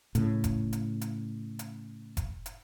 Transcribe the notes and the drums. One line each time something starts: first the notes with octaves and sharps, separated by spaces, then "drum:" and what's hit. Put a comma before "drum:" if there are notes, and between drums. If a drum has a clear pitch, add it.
A2 C#3, drum: hi-hat
drum: kick F1, hi-hat
drum: hi-hat
drum: hi-hat
drum: hi-hat
drum: kick F1, hi-hat
drum: hi-hat